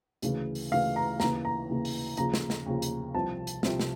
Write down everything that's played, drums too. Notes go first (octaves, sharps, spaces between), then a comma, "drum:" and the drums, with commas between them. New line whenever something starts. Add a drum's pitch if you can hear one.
D2 C#3 E3, drum: hi-hat
drum: open hi-hat
D2 C#3 E3 F5
A#5
D#2 C#3 E3 A#5, drum: snare
A#5
D#2 C#3 E3
drum: open hi-hat
D#2 C#3 F3 A#5, drum: hi-hat
drum: snare
drum: snare
D#2 C#3 F3
drum: hi-hat
C2 C3 F3 A5
drum: hi-hat
C2 C3 F3, drum: snare
drum: snare